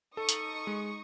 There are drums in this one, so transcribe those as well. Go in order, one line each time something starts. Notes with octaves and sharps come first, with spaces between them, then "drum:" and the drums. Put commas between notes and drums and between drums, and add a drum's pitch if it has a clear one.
D#4 A4 C#6 D#6
drum: hi-hat
G#3